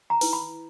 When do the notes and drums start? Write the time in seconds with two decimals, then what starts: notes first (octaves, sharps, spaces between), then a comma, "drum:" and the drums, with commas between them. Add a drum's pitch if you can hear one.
0.10 A#5
0.21 E4 B4, drum: open hi-hat
0.33 B5